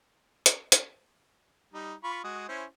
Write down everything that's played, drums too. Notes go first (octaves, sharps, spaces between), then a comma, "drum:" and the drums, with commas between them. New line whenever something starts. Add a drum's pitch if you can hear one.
drum: hi-hat
drum: hi-hat
G3 D#4
F4 B5 C#6
G#3 F#4 D#6
C#4 E4 C5